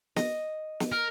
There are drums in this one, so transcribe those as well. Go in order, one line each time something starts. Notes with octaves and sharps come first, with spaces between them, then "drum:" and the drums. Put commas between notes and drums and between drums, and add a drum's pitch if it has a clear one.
D#5, drum: snare
drum: snare
A#4